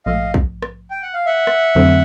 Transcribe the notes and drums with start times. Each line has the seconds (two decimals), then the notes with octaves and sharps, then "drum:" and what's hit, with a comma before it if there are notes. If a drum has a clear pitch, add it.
0.06 A#1 G#2 F3 A3 D#5 F5
0.34 drum: kick
0.62 drum: rim click
0.91 G5
1.02 F#5
1.14 F5
1.26 E5 F#5
1.47 drum: rim click
1.75 F2 D3 F#3 A3 C4